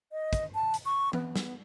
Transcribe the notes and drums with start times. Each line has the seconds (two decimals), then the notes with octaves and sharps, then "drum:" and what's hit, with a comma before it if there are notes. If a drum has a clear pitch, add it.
0.12 D#5
0.33 drum: kick, hi-hat
0.55 A5
0.74 drum: hi-hat
0.85 C#6
1.13 B3, drum: tom E3
1.36 drum: snare